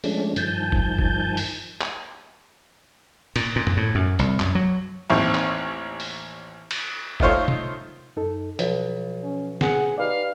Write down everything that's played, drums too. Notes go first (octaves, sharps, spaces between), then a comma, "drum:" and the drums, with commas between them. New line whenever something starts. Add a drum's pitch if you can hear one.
F3 G#3 A3 C#4 D4, drum: open hi-hat
G2 D#3 F3 G#5 A5 G6, drum: hi-hat
drum: kick
drum: kick
drum: open hi-hat
drum: clap
A#2, drum: cymbal
A#2
drum: tom
A2
F#2
C2, drum: hi-hat
F#2, drum: clap
F#3
A1 D#2 C4
drum: clap
drum: open hi-hat
drum: cymbal
D#3 A3 D#4 F4 C5 C#5, drum: kick
drum: tom
F#2 D#4 A4
B1 F3, drum: hi-hat
C#4
G#4 F#5, drum: snare
D#4 G4 B4 D5 F5